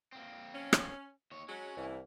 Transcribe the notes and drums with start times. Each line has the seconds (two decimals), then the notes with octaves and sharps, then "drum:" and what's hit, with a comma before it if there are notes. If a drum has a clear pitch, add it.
0.12 A#3 C4
0.54 C#4
0.73 drum: rim click
1.32 D#2 C#5
1.48 F#3 G#3 C#4
1.77 C2 E3 A#3 E4